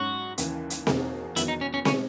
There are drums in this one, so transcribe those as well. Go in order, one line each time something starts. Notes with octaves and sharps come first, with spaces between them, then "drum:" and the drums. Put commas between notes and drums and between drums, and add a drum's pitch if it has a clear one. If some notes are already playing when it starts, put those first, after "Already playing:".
Already playing: G#2 F#3 C#4 F#4
D#2 C#3 E3, drum: hi-hat
drum: hi-hat
E2 B2 A#3 D#4 G#4, drum: snare C4
E2 D#3 F#3 B3 E4, drum: hi-hat
D#4
C#4
C#4
B2 G#3 C#4 D#4 G#4 C#5, drum: snare C4